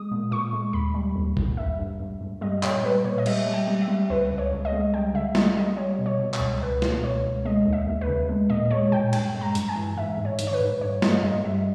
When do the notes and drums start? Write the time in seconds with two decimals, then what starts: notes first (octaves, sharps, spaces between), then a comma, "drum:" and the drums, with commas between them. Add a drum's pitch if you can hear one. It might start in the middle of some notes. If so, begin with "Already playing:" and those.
Already playing: G#3 D#6
0.12 A#2
0.31 A#2 C#6
0.53 G#3
0.73 D#2 B5
0.94 G3
1.16 D#2
1.37 D#2, drum: kick
1.57 G2 E5
1.79 G2
2.00 G2
2.21 G2
2.41 G3 D#5
2.63 A#2 C#5, drum: clap
2.84 G3 B4
3.04 A#2 C#5
3.18 D#5
3.26 G3 E5, drum: cymbal
3.47 G3
3.54 G5
3.68 G3
3.81 E5
3.88 G3
4.10 C#2 B4
4.31 C#2
4.38 C#5
4.52 C#2
4.65 D#5
4.72 G#3
4.94 G3 G5
5.14 C#3 E5
5.35 G3 D#5, drum: snare
5.56 G3 D#5
5.77 G3 C#5
5.99 B2
6.06 C#5
6.19 B2
6.34 C#5, drum: clap
6.40 C#2
6.61 C#2 B4
6.82 B2, drum: snare
7.03 C#2 C#5
7.24 C#2
7.45 G#3 D#5
7.66 D#2
7.73 E5
7.87 D#2
8.01 B4
8.08 C#3
8.29 G#3
8.50 A#2 D#5
8.71 G#3 C#5
8.92 A#2 G5
9.13 G2 G5, drum: cymbal
9.35 G#3
9.41 A#5
9.55 G2, drum: hi-hat
9.68 G#5
9.76 E3
9.97 G#2 E5
10.17 G#2
10.25 C#5
10.39 D#3, drum: hi-hat
10.47 C#5
10.53 B4
10.61 G#2
10.81 G2 C#5
11.02 G3 D#5, drum: snare
11.23 G2 D#5
11.44 G3 E5